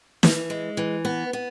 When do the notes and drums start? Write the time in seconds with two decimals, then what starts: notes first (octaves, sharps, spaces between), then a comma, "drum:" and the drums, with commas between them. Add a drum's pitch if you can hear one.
0.23 E3, drum: snare
0.50 G#3
0.77 E3
1.05 B3
1.33 B3